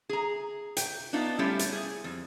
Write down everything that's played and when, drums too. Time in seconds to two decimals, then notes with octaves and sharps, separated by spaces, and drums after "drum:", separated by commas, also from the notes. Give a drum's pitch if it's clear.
0.09 G#4 A#5
0.77 G5, drum: hi-hat
1.13 B3 D4 D#4 F4
1.39 G3 A3 C#4 E4 F4 G4
1.59 drum: hi-hat
1.73 G#4
2.04 F2